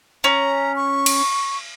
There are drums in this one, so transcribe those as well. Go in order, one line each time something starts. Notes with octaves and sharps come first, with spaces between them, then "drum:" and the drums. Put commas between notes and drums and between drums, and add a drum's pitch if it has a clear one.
C#4 A#5
C#6
drum: cymbal